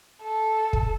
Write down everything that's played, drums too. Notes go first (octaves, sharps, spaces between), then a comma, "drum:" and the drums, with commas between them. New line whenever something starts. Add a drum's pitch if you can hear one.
A4
drum: kick